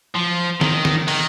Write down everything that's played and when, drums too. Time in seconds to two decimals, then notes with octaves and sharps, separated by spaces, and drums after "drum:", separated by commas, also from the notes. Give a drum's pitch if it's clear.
0.15 F3
0.61 D#3, drum: snare
0.85 drum: snare
1.08 D#3, drum: open hi-hat